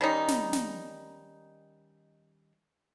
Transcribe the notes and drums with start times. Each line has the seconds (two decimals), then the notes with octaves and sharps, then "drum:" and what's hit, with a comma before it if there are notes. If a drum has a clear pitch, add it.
0.01 D#3 G3 C#4 D#4
0.28 drum: snare
0.53 drum: snare